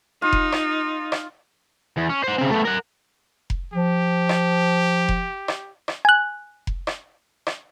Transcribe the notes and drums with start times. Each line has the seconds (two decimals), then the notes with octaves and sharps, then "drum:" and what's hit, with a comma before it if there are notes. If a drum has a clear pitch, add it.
0.22 D#4 F4
0.33 drum: kick F1
0.52 drum: rim click
1.12 drum: rim click
1.97 E2
2.09 C#4
2.24 C5 F#5
2.38 C#3 C4
2.51 A3 B3
2.65 A#4 F#5
3.50 drum: kick F1
3.73 F3 G4
4.29 drum: rim click
5.09 drum: kick F1
5.48 drum: rim click
5.88 drum: rim click
6.05 G#5 F#6
6.67 drum: kick F1
6.87 drum: rim click
7.47 drum: rim click